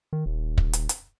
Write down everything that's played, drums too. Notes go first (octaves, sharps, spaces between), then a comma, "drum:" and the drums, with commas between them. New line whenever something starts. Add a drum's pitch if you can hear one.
D#3
D#1
drum: kick
drum: hi-hat
drum: hi-hat